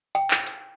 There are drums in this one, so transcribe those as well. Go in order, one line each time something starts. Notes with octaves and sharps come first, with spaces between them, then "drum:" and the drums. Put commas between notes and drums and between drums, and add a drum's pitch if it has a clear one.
G5, drum: hi-hat
drum: clap
drum: hi-hat